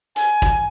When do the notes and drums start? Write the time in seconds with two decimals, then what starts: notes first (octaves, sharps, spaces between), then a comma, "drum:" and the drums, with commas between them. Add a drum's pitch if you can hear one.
0.16 G#5, drum: hi-hat
0.42 drum: kick, hi-hat